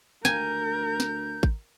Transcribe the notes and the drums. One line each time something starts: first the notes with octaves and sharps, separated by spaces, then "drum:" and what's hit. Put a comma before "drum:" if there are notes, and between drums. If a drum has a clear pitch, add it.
D2 A#4 G#5 G6, drum: snare
drum: snare
drum: kick G#1